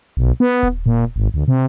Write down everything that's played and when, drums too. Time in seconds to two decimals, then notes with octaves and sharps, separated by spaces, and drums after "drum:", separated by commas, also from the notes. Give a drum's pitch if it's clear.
0.17 B1
0.40 B3
0.63 drum: kick D#1
0.86 A#2
1.16 G#1
1.34 D2
1.48 C3